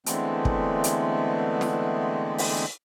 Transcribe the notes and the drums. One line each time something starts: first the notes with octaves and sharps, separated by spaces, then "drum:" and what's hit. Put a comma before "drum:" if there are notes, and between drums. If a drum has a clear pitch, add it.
D3 E3 G#3 A3 B3 C4, drum: hi-hat
drum: kick
drum: hi-hat
drum: snare
drum: open hi-hat